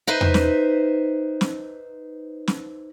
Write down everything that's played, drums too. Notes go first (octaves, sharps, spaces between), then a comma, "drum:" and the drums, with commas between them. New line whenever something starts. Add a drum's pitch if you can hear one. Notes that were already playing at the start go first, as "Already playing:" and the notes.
D#4 B4 C5 E5
drum: tom E2
drum: snare
drum: snare
drum: snare